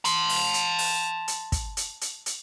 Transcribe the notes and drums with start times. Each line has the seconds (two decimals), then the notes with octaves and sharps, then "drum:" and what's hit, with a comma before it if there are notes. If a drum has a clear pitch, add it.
0.05 A5 C6, drum: hi-hat
0.29 drum: open hi-hat
0.54 drum: hi-hat
0.78 drum: open hi-hat
1.28 drum: hi-hat
1.52 drum: kick, hi-hat
1.77 drum: hi-hat
2.01 drum: hi-hat
2.26 drum: hi-hat